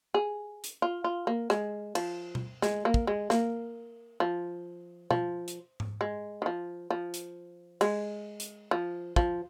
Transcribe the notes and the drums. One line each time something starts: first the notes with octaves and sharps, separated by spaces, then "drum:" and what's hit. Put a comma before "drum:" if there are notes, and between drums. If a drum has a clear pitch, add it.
G#4
drum: hi-hat
F4
F4
A#3
G#3, drum: rim click
F3, drum: cymbal
drum: tom B2
G#3, drum: snare
A#3
drum: kick
G#3
A#3, drum: snare
F3
F3, drum: tom B2
drum: hi-hat
drum: tom G#2
G#3
D#3
F3
F3
drum: hi-hat
G#3, drum: cymbal
drum: hi-hat
F3
F3, drum: kick